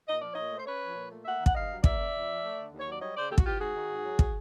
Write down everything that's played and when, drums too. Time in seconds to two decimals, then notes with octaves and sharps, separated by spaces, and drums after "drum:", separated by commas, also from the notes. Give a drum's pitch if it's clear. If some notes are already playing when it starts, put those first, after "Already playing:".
0.08 A#2 D#5
0.20 F3 D5
0.33 A#2 C#5 D#5
0.51 A3
0.58 C5
0.66 C#4 B4 C#5
0.82 F3
0.96 A#2
1.11 A3
1.25 A#3 E5 F#5
1.40 D#3
1.46 F#5, drum: kick
1.55 G2 D#5 F5
1.70 F#3
1.84 A#3 D5 E5, drum: kick
1.98 C#3
2.13 F2
2.28 F3
2.43 A3
2.57 D3
2.71 D#2
2.79 C#5
2.87 F#3 D5
3.01 G3 C#5 D#5
3.16 C#3 C5 D5
3.30 D#2 G4 A4
3.38 F#4, drum: kick
3.45 E3 F4 G4
3.60 G#2 F#4 G#4
3.75 D#3
3.89 G#2
4.04 F#3
4.19 drum: kick